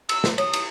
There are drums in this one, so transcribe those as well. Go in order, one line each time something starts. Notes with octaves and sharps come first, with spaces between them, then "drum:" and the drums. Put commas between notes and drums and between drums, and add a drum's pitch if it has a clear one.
E6, drum: cymbal
drum: snare
C#5 D#6, drum: cymbal
drum: cymbal